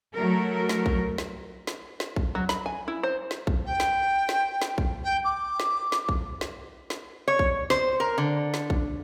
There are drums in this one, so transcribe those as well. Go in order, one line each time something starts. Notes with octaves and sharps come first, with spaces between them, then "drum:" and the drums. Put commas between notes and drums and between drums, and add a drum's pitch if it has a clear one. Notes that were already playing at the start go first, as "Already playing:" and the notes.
F#3 A3 A#4
drum: snare
drum: kick A#1
drum: snare
drum: snare
drum: snare
drum: kick A#1
F#3
B5, drum: snare
G#5
E4
C5
drum: snare
drum: kick A#1
G5
drum: snare
drum: snare
drum: snare
drum: kick A#1
G5
D6
drum: snare
drum: snare
drum: kick A#1
drum: snare
drum: snare
C#5
drum: kick A#1
C5, drum: snare
A#4
D3
drum: snare
drum: kick A#1